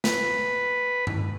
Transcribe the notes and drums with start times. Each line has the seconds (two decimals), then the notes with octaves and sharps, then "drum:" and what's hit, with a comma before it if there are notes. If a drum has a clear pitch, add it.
0.04 B4, drum: snare
1.07 drum: tom G2